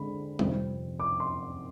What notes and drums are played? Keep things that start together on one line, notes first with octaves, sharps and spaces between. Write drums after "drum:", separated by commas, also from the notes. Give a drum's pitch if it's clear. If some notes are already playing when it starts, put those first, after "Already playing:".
Already playing: D3 G#3 C4 B5
F2 C3 F3 C4, drum: tom G3
D6
C6